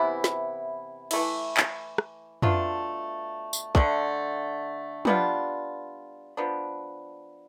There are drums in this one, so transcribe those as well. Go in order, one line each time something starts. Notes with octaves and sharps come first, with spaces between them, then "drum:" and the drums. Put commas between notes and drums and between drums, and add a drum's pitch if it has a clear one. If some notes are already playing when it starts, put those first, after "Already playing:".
Already playing: C3 E3 B3 E4
drum: snare
E3 A3 E4, drum: cymbal
drum: clap
drum: rim click
B2 A3 D4 F4, drum: tom
drum: tambourine
D3 A3 D4, drum: kick
G3 B3 D4 F4, drum: tom
F3 B3 D4